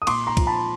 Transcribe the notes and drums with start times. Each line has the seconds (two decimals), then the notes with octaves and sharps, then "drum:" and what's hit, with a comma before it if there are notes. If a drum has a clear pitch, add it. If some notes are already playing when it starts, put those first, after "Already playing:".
0.02 D#6
0.07 A#2 C6 D6, drum: cymbal
0.27 A#5 C6
0.37 F3, drum: kick, cymbal
0.47 A5 B5